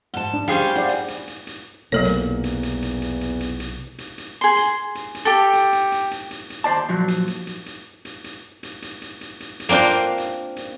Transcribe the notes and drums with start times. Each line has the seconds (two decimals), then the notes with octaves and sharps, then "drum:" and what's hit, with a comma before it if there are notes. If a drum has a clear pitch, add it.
0.14 G#2 F#5 A5
0.34 D4
0.48 G3 C#4 G#4 C5 F5
0.75 E4 D5 F5 F#5
0.89 drum: hi-hat
1.08 drum: hi-hat
1.27 drum: hi-hat
1.47 drum: hi-hat
1.92 B1 E2 C3 F#3 A#3 A4 C#5
2.05 drum: hi-hat
2.44 drum: hi-hat
2.63 drum: hi-hat
2.82 drum: hi-hat
3.02 drum: hi-hat
3.21 drum: hi-hat
3.40 drum: hi-hat
3.60 drum: hi-hat
3.98 drum: hi-hat
4.18 drum: hi-hat
4.41 G#4 C6
4.56 drum: hi-hat
4.95 drum: hi-hat
5.15 drum: hi-hat
5.25 G4 A4
5.53 drum: hi-hat
5.73 drum: hi-hat
5.92 drum: hi-hat
6.11 drum: hi-hat
6.31 drum: hi-hat
6.50 drum: hi-hat
6.64 D#2 C5 D5 A5
6.89 A#2 F3 F#3
7.08 drum: hi-hat
7.27 drum: hi-hat
7.47 drum: hi-hat
7.66 drum: hi-hat
8.05 drum: hi-hat
8.24 drum: hi-hat
8.63 drum: hi-hat
8.82 drum: hi-hat
9.02 drum: hi-hat
9.21 drum: hi-hat
9.40 drum: hi-hat
9.60 drum: hi-hat
9.69 A#3 C4 D4 F4 C5
9.79 drum: hi-hat
10.18 drum: hi-hat
10.56 drum: hi-hat